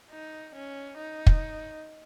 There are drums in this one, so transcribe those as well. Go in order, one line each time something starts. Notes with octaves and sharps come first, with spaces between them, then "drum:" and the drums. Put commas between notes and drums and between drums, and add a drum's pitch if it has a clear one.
D#4
C#4
D#4
drum: kick